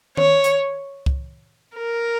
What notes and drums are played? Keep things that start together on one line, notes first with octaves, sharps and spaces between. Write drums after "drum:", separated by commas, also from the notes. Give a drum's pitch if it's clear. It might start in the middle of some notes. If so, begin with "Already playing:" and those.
C#5, drum: tom D#3
drum: hi-hat
drum: kick C2
A#4